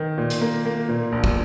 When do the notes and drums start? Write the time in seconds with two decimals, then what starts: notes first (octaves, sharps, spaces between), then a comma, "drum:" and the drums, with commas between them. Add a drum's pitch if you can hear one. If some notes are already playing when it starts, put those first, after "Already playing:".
Already playing: D#3
0.18 A#2
0.30 drum: hi-hat
0.41 A#3
0.66 A#3
0.88 A#2
1.12 A#1
1.24 drum: kick